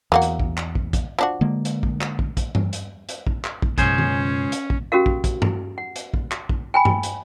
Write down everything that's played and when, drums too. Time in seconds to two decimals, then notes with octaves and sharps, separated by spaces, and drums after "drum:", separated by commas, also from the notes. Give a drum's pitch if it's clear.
0.12 E2 F#3 A#3 F#5
0.22 drum: hi-hat
0.40 drum: kick
0.57 drum: clap
0.75 drum: kick
0.93 drum: kick, hi-hat
1.19 F3 D4 F#4
1.41 D3 G#3 A#3
1.65 drum: hi-hat
1.83 drum: kick
2.01 drum: clap
2.19 drum: kick
2.37 drum: kick, hi-hat
2.55 drum: tom G2
2.73 drum: hi-hat
3.09 drum: hi-hat
3.27 drum: kick
3.44 drum: clap
3.62 drum: kick
3.78 C#2 F#2 B2 C#4 G#4 C5, drum: kick, hi-hat
3.98 drum: tom D#3
4.52 drum: hi-hat
4.70 drum: kick
4.92 C#4 F#4 G4 A#4 F5
5.06 drum: kick
5.24 drum: kick, hi-hat
5.42 drum: tom G2
5.78 F#5
5.96 drum: hi-hat
6.14 drum: kick
6.32 drum: clap
6.49 drum: kick
6.74 G5 G#5 B5
6.85 drum: tom G2
7.03 drum: hi-hat